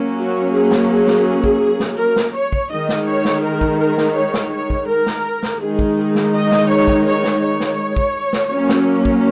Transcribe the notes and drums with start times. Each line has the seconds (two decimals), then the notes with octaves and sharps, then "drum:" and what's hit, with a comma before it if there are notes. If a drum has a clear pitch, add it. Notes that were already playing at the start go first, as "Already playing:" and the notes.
Already playing: F#3 A#3 C#4
0.17 F#4
0.53 G#4
0.71 drum: snare
0.89 G#4
1.07 drum: snare
1.44 drum: kick
1.80 drum: snare
1.98 A#4
2.16 drum: snare
2.35 C#5
2.52 drum: kick
2.71 D#3 G#3 D#4 D#5
2.89 drum: snare
3.07 C#5
3.25 drum: snare
3.43 A#4
3.61 drum: kick
3.79 A#4
3.98 drum: snare
4.16 C#5
4.34 drum: snare
4.52 C#5
4.70 drum: kick
4.88 A#4
5.06 drum: snare
5.43 drum: snare
5.61 D#3 G#3 D#4 G#4
5.79 drum: kick
5.97 G#4
6.15 drum: snare
6.34 D#5
6.51 drum: snare
6.69 C#5
6.88 drum: kick
7.06 C#5
7.24 drum: snare
7.43 C#5
7.60 drum: snare
7.96 drum: kick
8.33 drum: snare
8.51 F#3 A#3 C#4
8.69 drum: snare
9.05 drum: kick